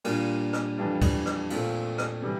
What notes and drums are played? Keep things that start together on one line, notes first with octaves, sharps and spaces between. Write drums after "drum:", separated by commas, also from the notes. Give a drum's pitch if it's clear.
A#2 G3 A#3 D4 F4, drum: cymbal
drum: rim click
F2 E3 G3 D4 F4
drum: kick, cymbal
drum: rim click
A#2 A3 C4 F4, drum: cymbal
drum: rim click
C3 E3 G3